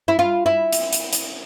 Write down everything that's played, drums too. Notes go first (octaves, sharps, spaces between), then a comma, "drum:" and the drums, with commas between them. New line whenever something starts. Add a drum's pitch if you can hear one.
E4
F4
E4
drum: hi-hat
drum: hi-hat
drum: hi-hat